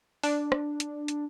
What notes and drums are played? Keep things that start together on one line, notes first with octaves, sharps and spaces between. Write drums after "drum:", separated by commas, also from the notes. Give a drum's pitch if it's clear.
D4, drum: open hi-hat
drum: rim click
drum: hi-hat
drum: hi-hat